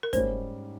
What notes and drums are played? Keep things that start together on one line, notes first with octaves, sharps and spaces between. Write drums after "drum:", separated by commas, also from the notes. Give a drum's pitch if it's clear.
A#4
G#2 G3 C#4 C5, drum: kick, hi-hat